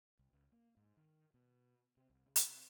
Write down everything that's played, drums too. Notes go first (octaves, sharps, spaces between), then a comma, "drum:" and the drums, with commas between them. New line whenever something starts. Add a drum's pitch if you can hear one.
C2
C#2
A#3
G#2
D#3
B2
C3
C2
C#3
drum: hi-hat
C3